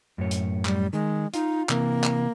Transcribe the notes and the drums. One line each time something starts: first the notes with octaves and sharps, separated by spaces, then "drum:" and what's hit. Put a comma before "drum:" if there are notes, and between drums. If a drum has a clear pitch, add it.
F#2 A2 C#5
drum: hi-hat
G3, drum: clap
D#3 G#3
D#4 F4, drum: hi-hat
C3 E3 A#3, drum: clap
drum: clap